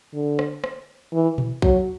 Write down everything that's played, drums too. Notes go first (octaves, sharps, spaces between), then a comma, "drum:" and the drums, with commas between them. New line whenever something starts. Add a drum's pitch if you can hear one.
D3
drum: rim click
drum: rim click
E3
drum: tom A#2
F#3, drum: kick B1